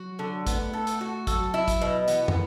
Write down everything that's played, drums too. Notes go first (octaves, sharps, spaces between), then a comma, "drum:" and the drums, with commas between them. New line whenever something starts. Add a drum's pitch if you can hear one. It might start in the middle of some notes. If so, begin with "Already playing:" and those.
Already playing: F#3 F#4
D3
A3 B3, drum: kick, hi-hat
A4
drum: hi-hat
F#4
F#3 A4, drum: kick, hi-hat
E4
drum: kick, hi-hat
B2
E3 B3, drum: hi-hat
drum: tom